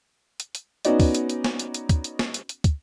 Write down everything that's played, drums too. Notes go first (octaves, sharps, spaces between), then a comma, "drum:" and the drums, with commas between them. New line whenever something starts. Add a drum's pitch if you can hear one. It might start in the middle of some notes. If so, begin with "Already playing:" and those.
drum: hi-hat
drum: hi-hat
B3 C#4 D#4 F#4 D5 D#5, drum: hi-hat
drum: kick, open hi-hat
drum: hi-hat
drum: hi-hat
drum: snare
drum: hi-hat
drum: hi-hat
drum: kick, hi-hat
drum: hi-hat
drum: snare
drum: hi-hat
drum: hi-hat
drum: kick, hi-hat